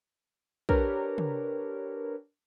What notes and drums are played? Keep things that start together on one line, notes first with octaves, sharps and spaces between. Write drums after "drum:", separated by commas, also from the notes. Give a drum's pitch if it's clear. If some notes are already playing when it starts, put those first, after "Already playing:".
D4 G4 A#4 B4 C#5, drum: kick
drum: tom